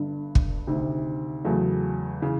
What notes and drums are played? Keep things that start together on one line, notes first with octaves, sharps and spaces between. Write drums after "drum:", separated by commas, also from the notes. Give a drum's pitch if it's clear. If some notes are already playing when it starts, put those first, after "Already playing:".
Already playing: G1 G2 D3
drum: kick
D2 C3 D#3
E2 C#3 F#3 A3
C#3 E3